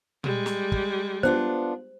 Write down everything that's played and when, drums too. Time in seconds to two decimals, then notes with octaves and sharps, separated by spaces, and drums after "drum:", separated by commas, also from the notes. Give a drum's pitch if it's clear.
0.24 G3 G#3, drum: tom A#2
0.46 drum: snare
0.72 drum: kick
1.23 B3 D4 F4 C5